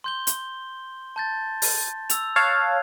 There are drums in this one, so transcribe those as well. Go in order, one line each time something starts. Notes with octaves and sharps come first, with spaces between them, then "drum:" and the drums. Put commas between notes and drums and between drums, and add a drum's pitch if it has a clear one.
C6 G6 G7
drum: hi-hat
A5 G6 A6
drum: open hi-hat
E6 F7, drum: hi-hat
C#5 F5 A5 F#6 G#6